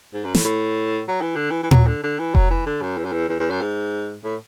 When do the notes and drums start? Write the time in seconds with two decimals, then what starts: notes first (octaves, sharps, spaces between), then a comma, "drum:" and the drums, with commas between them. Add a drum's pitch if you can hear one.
0.13 G#2
0.24 F#2
0.35 A2, drum: snare
0.45 A2
1.08 F#3
1.22 E3
1.36 D3
1.51 E3
1.63 E3
1.71 F#3, drum: tom A#2
1.87 D3
2.03 D3
2.19 E3
2.35 F#3, drum: kick F1
2.51 E3
2.66 D3
2.82 F#2
2.97 E2
3.05 F#2
3.12 E2
3.29 E2
3.40 E2
3.50 F#2
3.61 G#2
4.24 A2